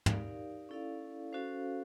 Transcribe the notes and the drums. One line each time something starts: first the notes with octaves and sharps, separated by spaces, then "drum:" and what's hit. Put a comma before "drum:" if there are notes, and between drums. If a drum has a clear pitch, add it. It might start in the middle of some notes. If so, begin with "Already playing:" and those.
D#4 G4 A#4 D5 F5, drum: tom
C#4 E4 A4 D5 F5
C#4 F#4 A4 C5 F5